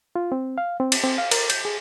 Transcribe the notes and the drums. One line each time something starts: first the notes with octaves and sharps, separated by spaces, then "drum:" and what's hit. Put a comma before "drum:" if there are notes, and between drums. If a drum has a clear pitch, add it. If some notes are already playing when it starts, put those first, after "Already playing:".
F4
C4
F5
C4
drum: cymbal
C4
F5
A#4, drum: cymbal
G6, drum: cymbal
G#4